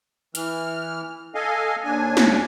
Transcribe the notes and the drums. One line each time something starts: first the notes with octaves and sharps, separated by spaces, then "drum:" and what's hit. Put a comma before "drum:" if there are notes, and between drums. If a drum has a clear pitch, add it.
E3 F6, drum: hi-hat
A4 D#5 F5 G#5
D#2 D4 G#5
drum: snare